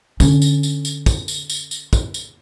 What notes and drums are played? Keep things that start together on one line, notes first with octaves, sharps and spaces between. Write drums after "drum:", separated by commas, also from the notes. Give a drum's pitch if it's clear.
D3 C#4, drum: kick, tambourine
drum: tambourine
drum: tambourine
drum: tambourine
drum: kick, tambourine
drum: tambourine
drum: tambourine
drum: tambourine
drum: kick, tambourine
drum: tambourine